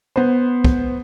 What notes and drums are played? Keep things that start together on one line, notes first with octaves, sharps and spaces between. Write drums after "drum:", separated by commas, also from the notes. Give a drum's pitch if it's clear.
B3 C5
drum: kick